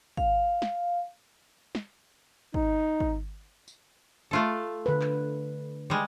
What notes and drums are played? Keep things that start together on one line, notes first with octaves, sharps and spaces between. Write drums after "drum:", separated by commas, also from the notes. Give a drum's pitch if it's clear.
F5, drum: kick
drum: snare
drum: snare
D#4, drum: kick
drum: kick
drum: tambourine
A3 F4 A4
D3 B4
drum: clap
G3 G#3